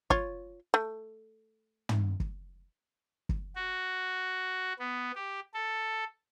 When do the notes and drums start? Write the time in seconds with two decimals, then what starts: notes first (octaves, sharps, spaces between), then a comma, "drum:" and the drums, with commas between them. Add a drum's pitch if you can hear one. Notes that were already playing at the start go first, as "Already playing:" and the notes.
0.10 F4 C#5, drum: kick
0.74 A3
1.89 drum: tom
2.20 drum: kick
3.29 drum: kick
3.56 F#4
4.79 B3
5.15 G4
5.54 A4